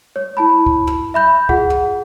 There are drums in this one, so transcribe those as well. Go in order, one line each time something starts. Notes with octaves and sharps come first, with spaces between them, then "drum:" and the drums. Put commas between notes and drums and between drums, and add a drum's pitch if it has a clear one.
C#5
E4 A5 B5
drum: kick
drum: tom
E5 B5 G6
F4 G#4 F#5, drum: kick
drum: tom